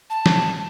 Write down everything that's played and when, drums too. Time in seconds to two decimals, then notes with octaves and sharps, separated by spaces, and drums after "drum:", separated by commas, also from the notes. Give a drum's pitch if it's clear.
0.10 A5
0.26 drum: snare